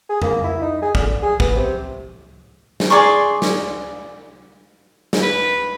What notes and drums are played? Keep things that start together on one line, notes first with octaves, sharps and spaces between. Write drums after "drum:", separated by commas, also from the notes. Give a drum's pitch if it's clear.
G#4
A#3, drum: tom F2
E4
D#4
G#4
D3, drum: kick
G#4
B3, drum: kick
C3
drum: snare
G#4 D5 C6 C#6
drum: snare
drum: snare
B4